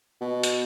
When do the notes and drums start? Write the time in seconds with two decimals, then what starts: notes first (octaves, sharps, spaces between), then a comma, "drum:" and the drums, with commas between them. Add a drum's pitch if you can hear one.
0.21 B2
0.44 drum: hi-hat